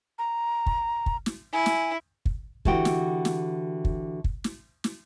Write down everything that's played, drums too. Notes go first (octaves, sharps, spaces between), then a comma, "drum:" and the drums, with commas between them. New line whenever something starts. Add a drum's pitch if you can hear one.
A#5
drum: kick
drum: kick
drum: snare
E4 G#5
drum: snare
drum: kick
D3 E3 F#4 G4 F#5 G5, drum: kick
drum: snare
drum: snare
drum: kick
drum: kick
drum: snare
drum: snare